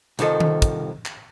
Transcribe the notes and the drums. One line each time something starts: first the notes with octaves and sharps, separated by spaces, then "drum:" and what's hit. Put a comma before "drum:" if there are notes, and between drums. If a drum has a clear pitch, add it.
C2 D#3 F3 A4 D#5, drum: hi-hat
drum: tom D#3
drum: kick, hi-hat
drum: clap